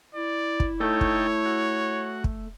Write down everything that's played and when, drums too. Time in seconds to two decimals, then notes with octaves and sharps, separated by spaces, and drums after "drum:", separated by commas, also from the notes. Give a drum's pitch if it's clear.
0.15 E4 D5
0.60 drum: kick
0.80 A3 D#4 A4 C#5 G5
1.01 drum: kick
1.46 F#4
2.24 drum: kick